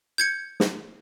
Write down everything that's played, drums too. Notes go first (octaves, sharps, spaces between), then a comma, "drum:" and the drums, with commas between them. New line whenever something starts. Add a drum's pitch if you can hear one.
G6 G#6 C#7
drum: snare